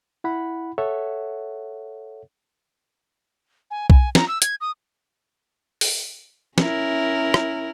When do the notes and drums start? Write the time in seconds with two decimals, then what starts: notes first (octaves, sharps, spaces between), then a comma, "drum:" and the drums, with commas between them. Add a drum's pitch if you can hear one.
0.24 E4 F#5 B5
0.78 A4 C#5 E5 F#5
3.71 G#5
3.90 G#5, drum: kick
4.15 A#5, drum: snare
4.28 E6
4.42 G#6, drum: hi-hat
4.61 D#6
5.81 drum: open hi-hat
6.58 C#4 E4 A#4, drum: snare
7.34 drum: rim click